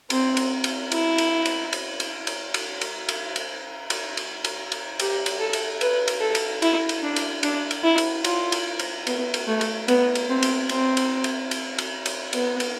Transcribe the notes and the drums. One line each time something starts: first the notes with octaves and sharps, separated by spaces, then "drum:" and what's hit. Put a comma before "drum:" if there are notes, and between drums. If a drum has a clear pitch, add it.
C4, drum: cymbal
drum: cymbal
drum: cymbal
E4, drum: cymbal
drum: cymbal
drum: cymbal
drum: cymbal
drum: cymbal
drum: cymbal
drum: cymbal
drum: cymbal
drum: cymbal
drum: cymbal
drum: cymbal
drum: cymbal
drum: cymbal
drum: cymbal
G4, drum: cymbal
drum: cymbal
A4
drum: cymbal
B4, drum: cymbal
drum: cymbal
A4
drum: cymbal
E4, drum: cymbal
drum: cymbal
D4
drum: cymbal
D4, drum: cymbal
drum: cymbal
E4
drum: cymbal
F4, drum: cymbal
drum: cymbal
drum: cymbal
B3, drum: cymbal
drum: cymbal
A3
drum: cymbal
B3, drum: cymbal
drum: cymbal
C4
drum: cymbal
C4, drum: cymbal
drum: cymbal
drum: cymbal
drum: cymbal
drum: cymbal
drum: cymbal
B3, drum: cymbal
drum: cymbal